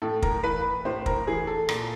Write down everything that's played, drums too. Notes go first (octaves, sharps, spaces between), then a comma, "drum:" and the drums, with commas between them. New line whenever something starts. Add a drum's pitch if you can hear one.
A2 A4
A#4, drum: kick
E3 B4
A2 C5
A#4, drum: kick
E3 G#4
A4
A#2, drum: rim click